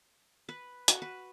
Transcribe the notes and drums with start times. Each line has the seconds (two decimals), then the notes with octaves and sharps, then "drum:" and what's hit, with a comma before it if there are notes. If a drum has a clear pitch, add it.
0.49 B4
0.88 F#4, drum: hi-hat
1.02 B4